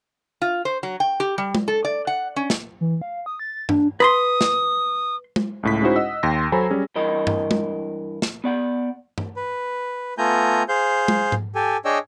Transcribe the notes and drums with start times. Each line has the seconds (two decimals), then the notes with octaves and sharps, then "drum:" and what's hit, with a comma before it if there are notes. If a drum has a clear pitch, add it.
0.42 F4
0.65 C5
0.83 F#3
1.00 G5
1.20 G4
1.38 G3
1.55 drum: tom G#3
1.68 A4
1.85 D5
2.07 F#5
2.36 C#4
2.50 drum: snare
2.81 E3
3.01 F5
3.26 D#6
3.39 A6
3.69 D4, drum: tom G2
4.00 B4 B5 C6 D#6
4.41 drum: snare
5.36 drum: tom G#3
5.63 C#2 A2 B6
5.81 G#3 C#4 D#4 E4 F#4 C5
5.96 D#5 F#5 E6
6.23 D#2 G5 C6 A#6
6.52 F#3 A4 C5 G#5 A#5 B5
6.70 G3 C#4 G#4
6.96 G2 E3 A#4 D#5
7.27 drum: tom G2
7.51 drum: tom G#3
8.22 drum: snare
8.44 B3 D5 F#5
9.18 drum: tom G2
9.36 B4
10.18 A3 B3 F4 G#5 A#5 G6
10.69 G#4 C5 F5 G6
11.08 drum: tom G#3
11.32 drum: tom G#2
11.55 G4 A4 G#5
11.85 D4 G#4 C#5 D#5 G5 E6